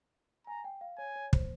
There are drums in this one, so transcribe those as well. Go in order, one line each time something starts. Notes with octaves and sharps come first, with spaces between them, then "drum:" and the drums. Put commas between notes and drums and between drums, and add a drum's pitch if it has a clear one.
G#5 A#5
G5
F5
C#5 G#5
C#5
C5, drum: kick